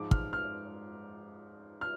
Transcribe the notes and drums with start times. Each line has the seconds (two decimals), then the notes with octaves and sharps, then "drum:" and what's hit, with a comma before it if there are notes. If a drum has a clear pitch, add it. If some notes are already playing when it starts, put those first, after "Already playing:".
Already playing: G#2 F3 G#3 D6
0.11 F6, drum: kick
0.33 F6
1.81 F6